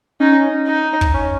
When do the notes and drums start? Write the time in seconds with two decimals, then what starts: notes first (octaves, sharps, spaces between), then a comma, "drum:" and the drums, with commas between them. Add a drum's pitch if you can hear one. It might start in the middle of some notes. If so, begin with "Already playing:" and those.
0.20 C#4 D#4
0.67 D#4
1.01 drum: kick
1.14 C#4